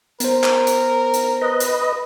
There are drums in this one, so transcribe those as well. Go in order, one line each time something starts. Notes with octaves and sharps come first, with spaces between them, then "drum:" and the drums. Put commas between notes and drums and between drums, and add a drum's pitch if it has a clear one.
B3 A#4 C5, drum: hi-hat
drum: clap
drum: hi-hat
drum: hi-hat
B4 D#5
drum: hi-hat